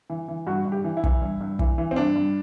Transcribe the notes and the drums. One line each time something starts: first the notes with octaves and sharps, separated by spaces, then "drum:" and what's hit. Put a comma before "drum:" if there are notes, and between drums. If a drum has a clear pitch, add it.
E3
E3
G2 F#4
G2
G4
E3
E4
E3, drum: kick
G2
G2
E3, drum: kick
E3
C4
G2 D4
G2